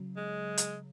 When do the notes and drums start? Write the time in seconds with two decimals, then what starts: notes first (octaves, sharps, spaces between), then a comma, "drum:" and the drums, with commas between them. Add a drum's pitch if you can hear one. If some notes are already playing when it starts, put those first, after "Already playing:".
Already playing: C#3 F#3
0.17 G#3
0.58 drum: hi-hat